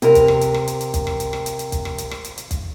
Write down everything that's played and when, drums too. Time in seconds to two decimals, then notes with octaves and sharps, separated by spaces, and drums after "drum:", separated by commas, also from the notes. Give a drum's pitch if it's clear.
0.02 C3 A#4, drum: hi-hat
0.15 drum: kick, hi-hat
0.28 drum: rim click
0.41 drum: hi-hat
0.54 drum: rim click
0.67 drum: hi-hat
0.81 drum: hi-hat
0.94 drum: kick, hi-hat
1.07 drum: rim click
1.20 drum: hi-hat
1.33 drum: rim click
1.46 drum: hi-hat
1.59 drum: hi-hat
1.72 drum: kick, hi-hat
1.85 drum: rim click
1.98 drum: hi-hat
2.11 drum: rim click
2.24 drum: hi-hat
2.38 drum: hi-hat
2.51 drum: kick, hi-hat